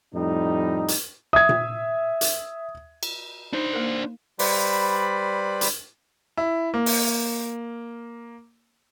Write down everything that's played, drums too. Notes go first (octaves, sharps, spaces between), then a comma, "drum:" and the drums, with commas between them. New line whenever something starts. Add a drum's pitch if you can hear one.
F2 A2 G3 D#4
drum: hi-hat
E5 D#6 G#6
drum: tom A#2
drum: hi-hat
drum: cymbal
D4 D#4 C5
A#3 A#4
G3 B4 C5 D5 B5, drum: open hi-hat
drum: hi-hat
E4
A#3
drum: open hi-hat